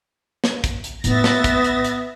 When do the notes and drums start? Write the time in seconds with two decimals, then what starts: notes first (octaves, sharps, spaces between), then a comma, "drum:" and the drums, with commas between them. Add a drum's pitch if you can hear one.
0.44 drum: snare
0.64 drum: kick, hi-hat
0.84 drum: hi-hat
1.04 A2 B3 D#4 E5 A6 A#6, drum: hi-hat
1.24 drum: snare
1.44 drum: kick, hi-hat
1.64 drum: hi-hat
1.85 drum: hi-hat